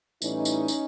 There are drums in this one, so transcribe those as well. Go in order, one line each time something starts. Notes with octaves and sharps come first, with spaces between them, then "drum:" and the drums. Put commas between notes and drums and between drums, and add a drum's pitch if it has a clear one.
A2 E3 G3 C#4 D#4, drum: tambourine
drum: tambourine
drum: tambourine